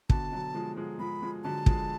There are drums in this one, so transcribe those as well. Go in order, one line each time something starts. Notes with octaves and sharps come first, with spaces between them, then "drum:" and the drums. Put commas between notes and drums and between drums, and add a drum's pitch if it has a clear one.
B2 D3 A5, drum: kick
D3 F#3
F3 G#3
F3 G#3
F3 G#3 B5
F3 G#3
D3 F#3 A5
F3 G#3, drum: kick